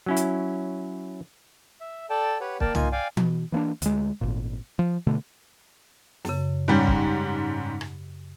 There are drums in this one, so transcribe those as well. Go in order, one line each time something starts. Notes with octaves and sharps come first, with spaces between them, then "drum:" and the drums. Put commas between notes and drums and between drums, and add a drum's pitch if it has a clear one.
F#3 C#4 E4
drum: hi-hat
E5
A4 D5 G5 A5
G4 B4 C#5 F#5
A#3 A#4 D5 G5 A5, drum: kick
A#3 D#4 F4 G#5, drum: tom
D5 F5 G5 G#5
B2, drum: tom E3
E3 A#3 C#4 D4
D2 G#3, drum: hi-hat
G#1 A#2
F3
B2 D3 A3
F#2 C#3, drum: snare
G#2 G3 C#4 G4
drum: kick
drum: rim click